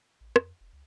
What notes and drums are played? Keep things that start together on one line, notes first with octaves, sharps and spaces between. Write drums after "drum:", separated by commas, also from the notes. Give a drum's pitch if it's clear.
A1
F2, drum: rim click
F1
C#2